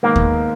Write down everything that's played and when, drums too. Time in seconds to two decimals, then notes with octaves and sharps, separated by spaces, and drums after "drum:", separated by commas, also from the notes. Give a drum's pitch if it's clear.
0.03 G#2 D#3 G#3 A#3 B3
0.16 drum: kick D#2